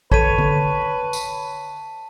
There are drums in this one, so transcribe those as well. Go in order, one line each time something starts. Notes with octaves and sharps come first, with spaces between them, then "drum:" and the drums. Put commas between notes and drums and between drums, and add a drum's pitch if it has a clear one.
D#3 A4 B4 C#5 A5 B6 D#7, drum: kick
drum: tom D3
drum: tambourine